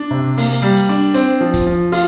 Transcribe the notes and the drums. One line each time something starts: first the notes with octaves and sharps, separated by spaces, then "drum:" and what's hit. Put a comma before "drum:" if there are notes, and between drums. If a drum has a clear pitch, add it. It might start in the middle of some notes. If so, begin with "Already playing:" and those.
Already playing: D4
C3
A#3, drum: open hi-hat
G3
drum: hi-hat
D4
C4, drum: hi-hat
F3
drum: kick, hi-hat
F3
F4, drum: open hi-hat